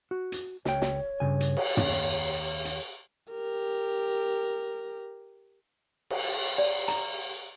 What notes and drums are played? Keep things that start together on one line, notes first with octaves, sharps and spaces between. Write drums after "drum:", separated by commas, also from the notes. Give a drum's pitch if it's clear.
F#4
drum: hi-hat
C#2 C#5 G5, drum: snare
drum: snare
G2 C#3 G#5
drum: hi-hat
drum: cymbal
D#2, drum: tom
drum: hi-hat
G4 A#4
drum: cymbal
D5
A#5, drum: hi-hat